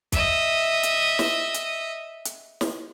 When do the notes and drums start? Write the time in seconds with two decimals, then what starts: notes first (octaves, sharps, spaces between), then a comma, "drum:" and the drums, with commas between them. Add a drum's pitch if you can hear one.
0.12 D#5 E5, drum: kick, hi-hat
0.83 drum: hi-hat
1.19 drum: snare
1.54 drum: hi-hat
2.25 drum: hi-hat
2.61 drum: snare